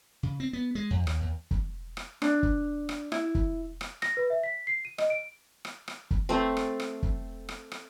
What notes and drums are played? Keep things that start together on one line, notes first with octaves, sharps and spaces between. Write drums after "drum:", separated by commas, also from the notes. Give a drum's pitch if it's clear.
C#3
C4
B3
G#3
F2
D#2, drum: rim click
D#2
drum: kick
drum: rim click
D4, drum: rim click
drum: kick
drum: rim click
E4, drum: rim click
drum: kick
drum: rim click
A#6, drum: rim click
B4
E5
B6
C7
D#7
D#5, drum: rim click
D7
drum: rim click
drum: rim click
drum: kick
A3 C4
drum: rim click
drum: rim click
drum: kick
drum: rim click
drum: rim click